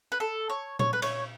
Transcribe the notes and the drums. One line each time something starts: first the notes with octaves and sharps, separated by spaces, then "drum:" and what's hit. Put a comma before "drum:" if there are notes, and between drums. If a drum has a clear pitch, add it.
B4
A4
C#5
C#5, drum: tom A#2
B4
C#5, drum: cymbal